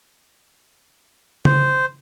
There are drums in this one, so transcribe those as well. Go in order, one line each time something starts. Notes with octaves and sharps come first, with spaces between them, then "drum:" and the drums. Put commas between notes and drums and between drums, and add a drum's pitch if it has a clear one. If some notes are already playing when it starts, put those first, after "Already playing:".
C5, drum: tom C#3